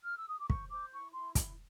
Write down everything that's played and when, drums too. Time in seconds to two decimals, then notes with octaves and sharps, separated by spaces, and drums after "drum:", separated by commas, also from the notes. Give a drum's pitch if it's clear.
0.05 F6
0.17 E6
0.28 D#6
0.39 D6
0.50 C5 C#6, drum: kick
0.71 C5 D6
0.93 E4 C#6
1.13 E4 C6
1.35 E4, drum: kick, hi-hat